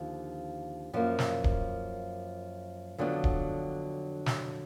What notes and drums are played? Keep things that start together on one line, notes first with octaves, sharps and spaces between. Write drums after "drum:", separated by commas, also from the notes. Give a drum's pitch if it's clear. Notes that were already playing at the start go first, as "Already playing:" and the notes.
Already playing: D#2 D3 F3
F#2 F3 A#3
drum: snare
drum: kick D1
F2 D3 F#3 B3 D4
drum: kick D1
drum: snare